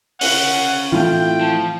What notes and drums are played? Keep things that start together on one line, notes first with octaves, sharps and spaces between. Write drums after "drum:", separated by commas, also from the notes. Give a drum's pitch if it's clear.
C#4 F5 F#5, drum: open hi-hat
A2 E3 C4 E4 F4 G5
F3